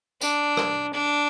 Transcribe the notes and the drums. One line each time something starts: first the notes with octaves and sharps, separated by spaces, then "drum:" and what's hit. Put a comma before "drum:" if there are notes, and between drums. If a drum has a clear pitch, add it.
D4, drum: tambourine
drum: rim click
D4